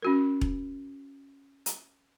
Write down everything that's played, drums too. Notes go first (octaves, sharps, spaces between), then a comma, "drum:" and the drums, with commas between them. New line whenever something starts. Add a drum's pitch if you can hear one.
C#4 F#4 A#4
drum: kick E1
drum: hi-hat